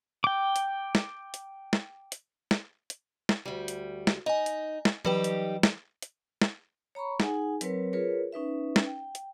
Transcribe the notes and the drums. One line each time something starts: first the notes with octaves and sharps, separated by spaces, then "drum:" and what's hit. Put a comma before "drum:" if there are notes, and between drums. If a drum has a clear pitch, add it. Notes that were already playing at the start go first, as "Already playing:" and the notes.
G5 D6
drum: hi-hat
drum: snare
drum: hi-hat
drum: snare
drum: hi-hat
drum: snare
drum: hi-hat
drum: snare
D2 G3
drum: hi-hat
drum: snare
D#4 D#5 G#5
drum: hi-hat
drum: snare
E3 F#3 G3 D#4 G4 B4
drum: hi-hat
drum: snare
drum: hi-hat
drum: snare
C#5 A#5 B5 C#6
D#4 G#4 F#5 G#5, drum: snare
F#3 C4 A#4 B4 C#5, drum: hi-hat
F4 G#4 A#4 B4 C#5
C#4 D#4 B4 E5
drum: snare
G5
drum: hi-hat